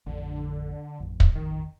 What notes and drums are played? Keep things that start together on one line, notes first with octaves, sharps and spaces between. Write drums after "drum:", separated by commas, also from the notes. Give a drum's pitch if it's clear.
A1 F2 D3
A1 F2
drum: kick
D#3